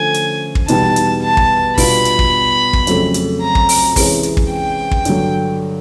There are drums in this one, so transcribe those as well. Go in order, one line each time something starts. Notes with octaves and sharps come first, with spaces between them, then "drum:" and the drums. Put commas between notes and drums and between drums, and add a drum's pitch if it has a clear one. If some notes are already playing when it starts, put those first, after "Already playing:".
Already playing: D3 F3 A3 C#4 G#5
drum: hi-hat
drum: kick
E2 B2 G3 B3 D#4 A5, drum: hi-hat
drum: hi-hat
A5
drum: kick
B2 G3 B3 D4 F4 B5, drum: kick, open hi-hat
drum: hi-hat
drum: kick
drum: kick
F2 C#3 F#3 A3, drum: hi-hat
drum: hi-hat
A#5
drum: kick
drum: open hi-hat
C3 E3 G#3 C#4, drum: kick, open hi-hat
drum: hi-hat
drum: kick
G5
drum: kick
G2 D3 F#3, drum: hi-hat